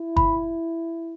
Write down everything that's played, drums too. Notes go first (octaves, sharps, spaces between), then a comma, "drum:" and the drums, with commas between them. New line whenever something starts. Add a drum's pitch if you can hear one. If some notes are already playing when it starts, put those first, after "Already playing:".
Already playing: E4
B5, drum: kick